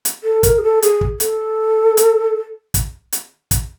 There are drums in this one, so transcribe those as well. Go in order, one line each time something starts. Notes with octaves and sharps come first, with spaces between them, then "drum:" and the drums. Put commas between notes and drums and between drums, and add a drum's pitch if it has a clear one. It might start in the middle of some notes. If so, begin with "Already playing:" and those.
drum: hi-hat
A4
A#4, drum: kick, hi-hat
G#4
A4
G#4, drum: hi-hat
drum: kick
A4, drum: hi-hat
drum: hi-hat
drum: kick, hi-hat
drum: hi-hat
drum: kick, hi-hat